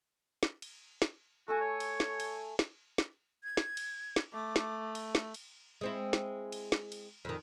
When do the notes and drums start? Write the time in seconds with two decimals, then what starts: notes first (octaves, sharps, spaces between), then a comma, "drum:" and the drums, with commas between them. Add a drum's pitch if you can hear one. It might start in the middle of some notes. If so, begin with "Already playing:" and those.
0.43 drum: snare
0.62 drum: cymbal
1.02 drum: snare
1.48 A3 F#4 A4 G#5
1.61 C#5
1.80 drum: cymbal
2.00 drum: snare
2.20 drum: cymbal
2.59 drum: snare
2.98 drum: snare
3.43 G#6
3.57 drum: snare
3.77 drum: cymbal
4.16 drum: snare
4.33 A3 D6
4.56 drum: snare
4.95 drum: cymbal
5.15 drum: snare
5.34 drum: cymbal
5.81 G#3 C4 E4
6.13 drum: snare
6.52 drum: cymbal
6.72 drum: snare
6.92 drum: cymbal
7.25 F2 D#3